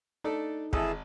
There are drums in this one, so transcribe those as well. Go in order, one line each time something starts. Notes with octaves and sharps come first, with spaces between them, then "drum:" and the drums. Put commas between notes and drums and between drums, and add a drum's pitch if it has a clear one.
A3 D4 D#4 A4
G#1 E3 G#4 A4, drum: kick